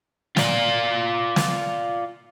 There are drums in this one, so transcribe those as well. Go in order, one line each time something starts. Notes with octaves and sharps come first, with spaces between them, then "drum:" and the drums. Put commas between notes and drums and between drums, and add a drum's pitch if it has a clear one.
F4 D5, drum: snare
drum: snare